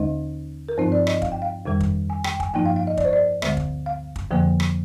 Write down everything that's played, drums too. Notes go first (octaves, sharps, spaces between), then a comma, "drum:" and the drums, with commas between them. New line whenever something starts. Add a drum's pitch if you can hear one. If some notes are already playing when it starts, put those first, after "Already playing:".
Already playing: D#2 D3 G#3 D#4 D#5
A#4
G2 F3 C4 D#4 C5
D5
D#5, drum: rim click
F5, drum: kick
G5
F5
F2 C3 D#3 G3
drum: kick
G#5
G5, drum: rim click
G#5, drum: kick
G2 F3 A#3 D#4 G5
F5
F5
D#5
D5, drum: kick
C5
D5
D2 D3 G#3, drum: rim click
drum: kick
F5
drum: kick
F2 D3 F3 A#3
drum: rim click